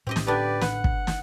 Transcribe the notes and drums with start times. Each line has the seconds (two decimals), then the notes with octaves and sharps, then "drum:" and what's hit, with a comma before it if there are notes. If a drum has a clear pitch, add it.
0.07 A2 C4 C#4 G4 D#5
0.16 drum: snare
0.27 D3 B3 D4 G4 B4 D5
0.61 B4 F#5, drum: snare
0.84 drum: kick
1.07 drum: snare